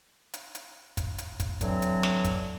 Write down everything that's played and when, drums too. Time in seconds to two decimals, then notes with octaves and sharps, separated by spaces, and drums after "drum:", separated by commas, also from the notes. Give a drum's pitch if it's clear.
0.34 drum: hi-hat
0.55 drum: hi-hat
0.97 drum: kick, hi-hat
1.18 drum: hi-hat
1.40 drum: kick, hi-hat
1.61 D3 E3 F#3 C4, drum: kick, hi-hat
1.82 drum: hi-hat
2.03 drum: snare
2.24 drum: kick, hi-hat